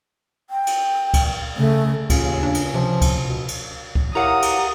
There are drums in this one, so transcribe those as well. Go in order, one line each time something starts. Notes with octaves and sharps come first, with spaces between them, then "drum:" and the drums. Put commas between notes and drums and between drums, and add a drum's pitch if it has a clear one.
G5
drum: cymbal
drum: kick C#2, cymbal
C#3 A3
D#2 C#3 F4, drum: kick C#2, cymbal
D4
drum: cymbal
C3 F3
drum: kick C#2, cymbal
B2
drum: cymbal
drum: kick C#2
E4 G4 A#4 C#5 F5 F#5 A#5 D#6
drum: cymbal